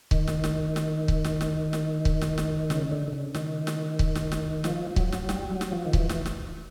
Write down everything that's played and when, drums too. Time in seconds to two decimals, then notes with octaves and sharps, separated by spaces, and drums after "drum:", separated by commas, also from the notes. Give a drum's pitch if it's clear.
0.11 D#3, drum: kick C#1
0.27 drum: snare
0.44 drum: snare
0.76 drum: snare
1.08 drum: kick C#1
1.24 drum: snare
1.41 drum: snare
1.73 drum: snare
2.05 drum: kick C#1
2.21 drum: snare
2.38 drum: snare
2.70 C#3, drum: snare
2.91 D3
3.08 D3
3.13 C#3
3.34 D#3, drum: snare
3.67 drum: snare
3.99 drum: kick C#1
4.15 drum: snare
4.32 drum: snare
4.64 F3, drum: snare
4.91 F3
4.96 F#3, drum: kick C#1
5.12 drum: snare
5.29 G3, drum: snare
5.50 F#3
5.61 drum: snare
5.72 F3
5.86 D#3
5.93 E3, drum: kick C#1
6.09 drum: snare
6.26 drum: snare